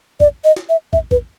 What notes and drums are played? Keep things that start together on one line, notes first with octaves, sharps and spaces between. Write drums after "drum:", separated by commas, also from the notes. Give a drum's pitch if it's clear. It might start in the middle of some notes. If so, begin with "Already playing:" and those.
D5, drum: kick
D#5
drum: snare
E5
E5, drum: kick
B4, drum: kick